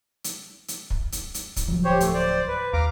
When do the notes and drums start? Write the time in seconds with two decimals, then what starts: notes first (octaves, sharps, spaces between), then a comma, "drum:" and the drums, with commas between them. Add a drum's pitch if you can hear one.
0.24 drum: hi-hat
0.68 drum: hi-hat
0.90 drum: kick
1.12 drum: hi-hat
1.34 drum: hi-hat
1.56 drum: kick, hi-hat
1.67 D1 F3 F#3
1.85 G4 C5 C#5
2.00 A3, drum: hi-hat
2.14 C5 D5
2.48 B4
2.73 D#2 F5 A#5 D6